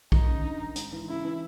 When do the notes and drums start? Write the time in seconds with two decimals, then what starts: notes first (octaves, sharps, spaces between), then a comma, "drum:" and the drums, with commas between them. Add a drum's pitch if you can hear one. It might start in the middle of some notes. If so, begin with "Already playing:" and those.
0.12 D#2 D#4, drum: kick
0.28 C#3
0.44 G2
0.60 D#3
0.76 G#2, drum: hi-hat
0.93 E3
1.08 C#3 E4
1.25 E3